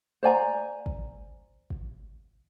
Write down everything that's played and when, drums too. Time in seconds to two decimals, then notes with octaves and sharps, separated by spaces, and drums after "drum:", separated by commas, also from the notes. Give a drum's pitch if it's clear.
0.23 C5 D5 G#5 A#5
0.86 drum: kick
1.70 drum: kick